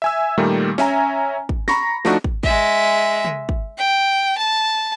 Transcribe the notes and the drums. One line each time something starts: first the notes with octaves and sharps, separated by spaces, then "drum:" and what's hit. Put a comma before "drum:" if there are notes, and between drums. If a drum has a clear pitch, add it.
E5 G#5 E6
A#2 D#3 G3 A3 A#3
C#4 E5 G#5 A#5, drum: snare
drum: kick
A#5 B5 C#6 A#6, drum: snare
F3 A3 D4 D#4 F#4, drum: snare
drum: kick
G#3 E5, drum: kick
drum: tom
drum: kick
G5
A5